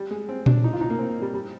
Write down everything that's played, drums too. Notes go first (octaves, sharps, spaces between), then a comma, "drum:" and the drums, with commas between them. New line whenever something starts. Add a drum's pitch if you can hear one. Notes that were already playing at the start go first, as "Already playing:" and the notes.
Already playing: G3
G#3
C4
D4, drum: tom A#2
D#4
F4
D#4
A#3
C4
G3
G3